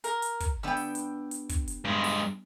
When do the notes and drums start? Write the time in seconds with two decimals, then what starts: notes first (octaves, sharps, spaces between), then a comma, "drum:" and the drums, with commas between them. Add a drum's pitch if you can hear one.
0.04 A#4, drum: hi-hat
0.22 drum: hi-hat
0.40 drum: kick, hi-hat
0.63 B3 D4 G4 G5 E6
0.77 drum: open hi-hat
0.95 drum: hi-hat
1.31 drum: hi-hat
1.49 drum: kick, hi-hat
1.68 drum: hi-hat
1.85 G2 G#3
2.04 drum: open hi-hat